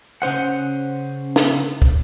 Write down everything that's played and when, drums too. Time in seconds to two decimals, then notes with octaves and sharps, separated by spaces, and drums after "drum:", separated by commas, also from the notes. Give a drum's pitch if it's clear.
0.22 C#3 C#4 C5 F#5
1.36 drum: snare
1.82 drum: kick